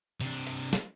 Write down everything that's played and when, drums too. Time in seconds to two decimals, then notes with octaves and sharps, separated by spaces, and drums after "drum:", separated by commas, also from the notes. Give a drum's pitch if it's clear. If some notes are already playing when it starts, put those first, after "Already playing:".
0.21 C3 D4, drum: hi-hat
0.47 drum: hi-hat
0.73 drum: snare